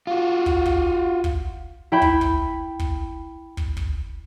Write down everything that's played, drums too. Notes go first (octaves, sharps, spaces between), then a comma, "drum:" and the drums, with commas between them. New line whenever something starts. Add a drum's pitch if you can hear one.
F4 F#4
drum: kick
drum: kick
drum: kick
E4 G5 B5
drum: kick
drum: kick
drum: kick
drum: kick
drum: kick